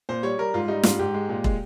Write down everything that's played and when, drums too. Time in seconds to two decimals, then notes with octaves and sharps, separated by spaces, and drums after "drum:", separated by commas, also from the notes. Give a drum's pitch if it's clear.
0.09 A#2 C5
0.23 G3 C#5
0.38 G3 A#4
0.54 G#2 F4
0.68 G3 D#4
0.83 G#2 F4, drum: snare
0.99 G#2 G4
1.14 G#3
1.29 A#2
1.44 G#3, drum: kick